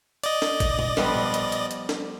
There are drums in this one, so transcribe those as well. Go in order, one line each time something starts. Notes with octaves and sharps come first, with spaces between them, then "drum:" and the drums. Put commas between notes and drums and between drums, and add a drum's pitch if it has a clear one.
D5 D#5, drum: hi-hat
drum: snare A4
drum: kick G#1, hi-hat
drum: tom A#2
F3 G3 B3, drum: snare A4
drum: tom A#2
drum: hi-hat
drum: hi-hat
drum: hi-hat
drum: snare A4